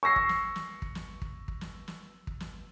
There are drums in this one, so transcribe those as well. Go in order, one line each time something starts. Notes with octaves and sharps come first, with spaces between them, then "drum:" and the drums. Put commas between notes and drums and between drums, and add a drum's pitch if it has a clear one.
C#6 E6 A#6 C7
drum: kick
drum: snare
drum: snare
drum: kick
drum: snare
drum: kick
drum: kick
drum: snare
drum: snare
drum: kick
drum: snare